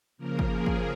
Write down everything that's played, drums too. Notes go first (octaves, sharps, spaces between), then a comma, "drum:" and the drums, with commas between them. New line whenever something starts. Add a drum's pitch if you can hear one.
C#3 F3 A#3 A#4
drum: kick
G#4
drum: kick